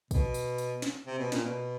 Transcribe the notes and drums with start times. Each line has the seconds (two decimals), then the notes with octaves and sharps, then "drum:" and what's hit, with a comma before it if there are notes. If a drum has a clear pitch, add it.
0.11 B2, drum: kick, tambourine
0.34 drum: tambourine
0.58 drum: tambourine
0.82 drum: snare
1.06 C3
1.19 B2
1.32 A#2, drum: snare
1.45 B2